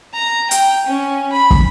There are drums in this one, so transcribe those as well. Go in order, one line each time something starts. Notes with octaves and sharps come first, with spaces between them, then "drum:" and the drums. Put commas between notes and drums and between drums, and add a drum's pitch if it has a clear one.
A#5
G5, drum: hi-hat
C#4
B5
drum: kick